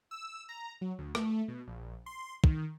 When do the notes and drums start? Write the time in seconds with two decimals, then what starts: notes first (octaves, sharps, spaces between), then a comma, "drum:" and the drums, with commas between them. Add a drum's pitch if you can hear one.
0.11 E6
0.49 A#5
0.81 F#3
0.99 D2
1.15 A3, drum: rim click
1.48 B2
1.68 A#1
2.06 C6
2.44 D#3, drum: kick